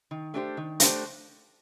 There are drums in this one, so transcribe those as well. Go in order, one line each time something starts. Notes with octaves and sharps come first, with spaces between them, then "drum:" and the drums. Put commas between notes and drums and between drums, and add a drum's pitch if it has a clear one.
D#3
A3 D4 G4 C5
D#3
A3 D4 G4 C5, drum: hi-hat